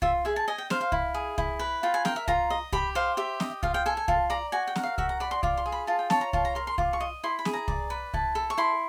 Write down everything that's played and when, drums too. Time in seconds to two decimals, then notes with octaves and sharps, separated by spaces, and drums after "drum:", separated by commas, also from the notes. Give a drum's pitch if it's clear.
0.02 F4 E5, drum: kick C2
0.25 G#4 E5
0.36 A5
0.48 D#5 G#5
0.58 G5
0.70 C5 F5, drum: snare
0.81 F5
0.92 E4, drum: kick C2
1.14 G#4
1.38 E4, drum: kick C2
1.59 B4
1.83 F4 G5
1.94 G#5
2.05 A#4 G5, drum: snare
2.16 E5
2.28 F4 A#5, drum: kick C2
2.50 D#5
2.72 G4 B5, drum: kick C2
2.95 C5 F5
3.17 G4 E5
3.40 D#5, drum: snare
3.63 F4 F5, drum: kick C2
3.74 G5
3.86 A4 G#5
3.97 G#5
4.08 F4 A5, drum: kick C2
4.30 D5 A#5
4.52 F#4 G#5
4.67 G5
4.76 A#4 F#5, drum: snare
4.83 F5
4.98 F#4 E5, drum: kick C2
5.09 A#5
5.20 D5 B5
5.31 C6
5.43 F4 D6, drum: kick C2
5.57 C6
5.66 G#4
5.72 B5
5.87 F4 A5
5.99 G5
6.10 C#5 A5, drum: snare
6.21 A#5
6.33 F4 A5, drum: kick C2
6.45 A#5
6.55 A#4 C6
6.67 C6
6.78 F4 D6, drum: kick C2
6.93 C#6
7.00 D#5
7.24 E4 C6
7.39 B5
7.45 G#4, drum: snare
7.53 A#5
7.68 D5, drum: kick C2
7.90 B4
8.14 E4 A5, drum: kick C2
8.35 A4
8.50 C#6
8.58 E4 C6